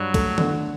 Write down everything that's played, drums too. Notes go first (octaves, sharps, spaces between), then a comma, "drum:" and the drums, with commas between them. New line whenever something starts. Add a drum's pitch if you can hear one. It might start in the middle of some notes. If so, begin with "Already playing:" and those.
Already playing: G2 F#3
A3, drum: kick C2, cymbal
D3, drum: tom